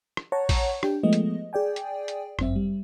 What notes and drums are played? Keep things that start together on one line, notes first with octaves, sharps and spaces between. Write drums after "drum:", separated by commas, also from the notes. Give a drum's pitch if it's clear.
drum: rim click
C#5 F#5 A5 A#5 C#6
drum: kick A#1, open hi-hat
D4 G4 G5, drum: rim click
F3 G#3 A3 B3 D#5
drum: hi-hat
G#4 D5 G5 G#5
drum: hi-hat
drum: hi-hat
G1 F#2 C4 E5, drum: rim click
G3